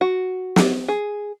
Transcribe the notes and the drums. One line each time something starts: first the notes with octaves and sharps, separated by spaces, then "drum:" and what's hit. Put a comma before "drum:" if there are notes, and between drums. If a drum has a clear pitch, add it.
F#4
drum: snare
G#4